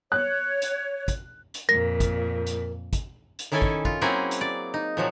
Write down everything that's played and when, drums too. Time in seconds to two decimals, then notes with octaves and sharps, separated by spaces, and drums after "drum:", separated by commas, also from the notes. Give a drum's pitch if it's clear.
0.12 C#5 F#6
0.62 drum: hi-hat
1.08 drum: kick, hi-hat
1.54 drum: hi-hat
1.69 F2 A#2 A#4 A#6
2.00 drum: kick, hi-hat
2.47 drum: hi-hat
2.93 drum: kick, hi-hat
3.39 drum: hi-hat
3.52 D#3 C#4 E4 A4 G#5
3.62 drum: kick
3.85 F4, drum: kick
4.01 F#3 A#3 C4 C#4 E4 G#4
4.31 drum: hi-hat
4.41 D5
4.74 D#4
4.97 A#2 F3 F#3